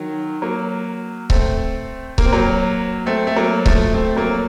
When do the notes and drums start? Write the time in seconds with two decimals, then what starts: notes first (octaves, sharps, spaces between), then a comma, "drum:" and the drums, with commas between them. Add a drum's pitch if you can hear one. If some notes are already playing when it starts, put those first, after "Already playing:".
Already playing: D#3 F#3
0.42 F#3 A#3
1.30 A3 C4, drum: kick C#1
2.18 A#3, drum: kick C#1
2.26 C4
2.32 F#3 A#3
3.06 A3 C4
3.27 A3
3.36 F#3 A#3
3.66 F3 A3, drum: kick C#1
3.94 A3 C4
4.17 F#3 A#3